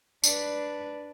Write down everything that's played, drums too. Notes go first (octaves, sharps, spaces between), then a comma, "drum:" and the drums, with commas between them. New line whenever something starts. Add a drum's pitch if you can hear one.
D4 B4, drum: tambourine